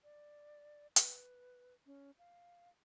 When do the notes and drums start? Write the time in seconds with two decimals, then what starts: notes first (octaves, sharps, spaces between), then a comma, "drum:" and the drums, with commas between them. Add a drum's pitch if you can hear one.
0.04 D5
0.96 B4, drum: hi-hat
1.86 C#4
2.19 F5